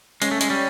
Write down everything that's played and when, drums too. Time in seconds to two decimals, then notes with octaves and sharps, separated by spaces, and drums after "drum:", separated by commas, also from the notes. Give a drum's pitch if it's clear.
0.22 G#3 C#4, drum: hi-hat
0.31 A3
0.41 G#3, drum: hi-hat
0.50 G3